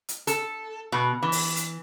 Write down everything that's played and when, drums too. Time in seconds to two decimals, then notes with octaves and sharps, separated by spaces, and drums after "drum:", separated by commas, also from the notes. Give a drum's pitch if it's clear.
0.09 drum: hi-hat
0.27 A4, drum: hi-hat
0.92 B2
1.22 E3
1.32 drum: open hi-hat
1.57 drum: hi-hat